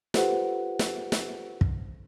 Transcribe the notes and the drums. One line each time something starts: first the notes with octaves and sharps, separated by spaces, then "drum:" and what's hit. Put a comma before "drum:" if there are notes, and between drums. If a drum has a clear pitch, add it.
F4 G4 A4 B4 C5 F#5, drum: snare
drum: snare
drum: snare
drum: kick